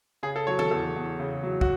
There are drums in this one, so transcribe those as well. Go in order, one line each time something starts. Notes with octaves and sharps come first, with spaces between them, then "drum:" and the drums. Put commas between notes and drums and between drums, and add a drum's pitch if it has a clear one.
C#3 G#4
A4
F#3 C#5
A4, drum: tom D#3
E2 A4
E2
C#3
F#3
F#4, drum: kick